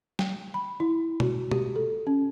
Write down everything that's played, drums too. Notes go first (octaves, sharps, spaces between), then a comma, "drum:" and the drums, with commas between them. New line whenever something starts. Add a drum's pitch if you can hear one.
G5, drum: snare
B5
E4
F#4, drum: tom B2
G4, drum: tom B2
A4
C#4